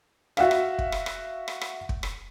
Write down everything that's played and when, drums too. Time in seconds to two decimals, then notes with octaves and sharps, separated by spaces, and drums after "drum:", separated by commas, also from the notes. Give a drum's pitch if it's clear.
0.37 F#4 E5 F5, drum: rim click
0.51 drum: rim click
0.79 drum: kick
0.92 drum: rim click
1.06 drum: rim click
1.48 drum: rim click
1.61 drum: rim click
1.89 drum: kick
2.03 drum: rim click